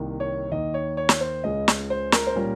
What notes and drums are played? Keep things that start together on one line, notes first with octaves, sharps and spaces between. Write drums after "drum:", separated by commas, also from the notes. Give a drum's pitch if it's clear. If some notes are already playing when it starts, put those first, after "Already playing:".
Already playing: C2 C3 D#3 A#3
C#5
D#2 D#3 A#3 D#5
C#5
C#5
drum: snare
C5
C#2 C#3 G#3 D#5
drum: snare
C5
A#4, drum: snare
C5
A#2 G3 C#4 A#4